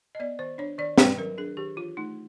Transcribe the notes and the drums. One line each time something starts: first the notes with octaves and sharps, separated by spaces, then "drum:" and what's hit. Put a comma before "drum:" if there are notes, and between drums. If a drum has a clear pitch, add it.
D#5
B3 D5
D#3 C5
D4 C#5
D#3 D5
D#3 B4, drum: snare
F#3 A#4
D4 G#4
D#3 G4
E3 F4
A3 D#4